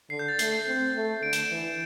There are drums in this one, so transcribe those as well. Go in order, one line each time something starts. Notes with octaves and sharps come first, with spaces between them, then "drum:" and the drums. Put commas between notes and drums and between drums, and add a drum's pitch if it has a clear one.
D3 C7
G6
A6
A3 C7, drum: hi-hat
C7
C4
A3
D3 D7
E7, drum: hi-hat
D7
E3